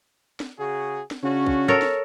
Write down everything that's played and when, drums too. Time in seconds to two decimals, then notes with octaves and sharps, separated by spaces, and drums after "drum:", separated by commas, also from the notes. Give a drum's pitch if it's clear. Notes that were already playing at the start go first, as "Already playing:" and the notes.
0.40 drum: snare
0.58 C#3 F#4 G#4
1.11 drum: snare
1.23 C#3 C#4 D4 F#4
1.46 drum: kick
1.68 A4 A#4 C#5
1.82 drum: snare